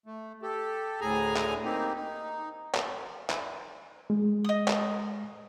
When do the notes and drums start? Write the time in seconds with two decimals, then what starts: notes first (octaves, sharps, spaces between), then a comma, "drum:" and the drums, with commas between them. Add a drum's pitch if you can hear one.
0.06 A3
0.42 G4 A4
1.01 D2 A2 G#4 G#5 A#5
1.37 drum: clap
1.64 A#3 C4 D#4 G4
1.94 D#4
2.75 drum: clap
3.30 drum: clap
4.10 G#3
4.44 D#5 D#6
4.68 drum: clap